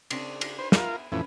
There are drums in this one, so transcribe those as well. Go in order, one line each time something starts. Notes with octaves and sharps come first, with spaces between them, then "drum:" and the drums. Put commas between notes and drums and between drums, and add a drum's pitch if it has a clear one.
C#3 C4 D4, drum: cymbal
drum: cymbal
B4 C5
B3 F4 A#4 E5, drum: snare
F2 A2 E3 C#4 B4